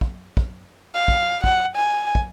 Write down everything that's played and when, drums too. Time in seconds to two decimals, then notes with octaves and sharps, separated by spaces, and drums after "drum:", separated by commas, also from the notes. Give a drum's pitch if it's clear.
0.01 drum: kick
0.37 drum: kick
0.95 F5
1.08 drum: kick
1.44 F#5, drum: kick
1.76 G#5
2.15 drum: kick